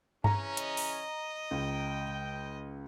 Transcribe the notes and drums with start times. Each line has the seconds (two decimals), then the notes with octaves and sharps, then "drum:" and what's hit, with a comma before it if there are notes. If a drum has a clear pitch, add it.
0.24 C#3 E3 C#4 A#5, drum: tom G2
0.57 D#5, drum: hi-hat
0.77 drum: open hi-hat
1.51 C#2 G5